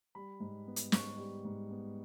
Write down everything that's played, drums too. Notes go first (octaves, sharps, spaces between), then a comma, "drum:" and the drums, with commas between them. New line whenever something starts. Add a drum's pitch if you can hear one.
G3 B5
G#2
B3
drum: hi-hat
G#2 C#6, drum: snare
G3
G#2
B3